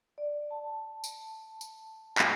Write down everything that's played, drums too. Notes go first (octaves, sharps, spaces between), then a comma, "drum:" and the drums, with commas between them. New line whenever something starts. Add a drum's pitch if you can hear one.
D5
A5
drum: tambourine
drum: tambourine
drum: clap